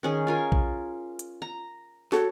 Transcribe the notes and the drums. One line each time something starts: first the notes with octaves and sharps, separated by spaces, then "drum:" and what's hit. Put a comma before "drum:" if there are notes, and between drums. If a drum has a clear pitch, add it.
D#3 C#4 G#4
F4 A#4 G#5
drum: kick A#1
drum: hi-hat
A#5
F#4 A4 C#5, drum: snare